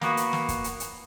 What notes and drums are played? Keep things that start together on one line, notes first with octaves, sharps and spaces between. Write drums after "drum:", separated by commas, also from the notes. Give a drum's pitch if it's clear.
A#3 B3 F#4, drum: snare
drum: hi-hat
drum: snare
drum: kick, hi-hat
drum: hi-hat
drum: hi-hat